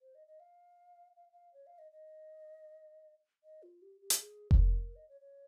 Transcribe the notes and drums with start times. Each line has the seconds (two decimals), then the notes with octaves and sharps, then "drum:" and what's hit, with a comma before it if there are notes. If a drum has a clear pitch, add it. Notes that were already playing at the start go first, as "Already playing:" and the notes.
0.02 C5
0.15 D#5
0.27 D#5
0.40 F5
1.16 F5
1.33 F5
1.54 C#5
1.67 F5
1.79 D#5
1.92 D#5
3.44 D#5
3.63 F4
3.82 G4
4.01 G4
4.10 drum: hi-hat
4.20 G#4
4.51 C5, drum: kick F1
4.59 A#4
4.96 D#5
5.09 C#5
5.21 C#5